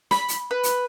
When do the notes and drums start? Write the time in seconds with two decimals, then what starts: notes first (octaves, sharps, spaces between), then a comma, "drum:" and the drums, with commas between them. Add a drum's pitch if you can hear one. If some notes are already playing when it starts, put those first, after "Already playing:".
0.11 B5, drum: snare
0.28 drum: hi-hat
0.51 B4
0.63 drum: hi-hat